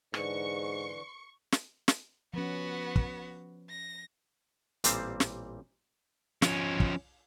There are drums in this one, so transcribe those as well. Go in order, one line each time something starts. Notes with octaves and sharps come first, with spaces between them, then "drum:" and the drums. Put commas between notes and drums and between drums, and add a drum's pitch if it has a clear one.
G#2 D3 E3 C#6 C#7, drum: rim click
drum: snare
drum: snare
F3 B3 C#4 F#4
drum: kick
A#6
A1 A#2 G3 C4 C5, drum: hi-hat
drum: snare
F3 C#4, drum: snare
drum: kick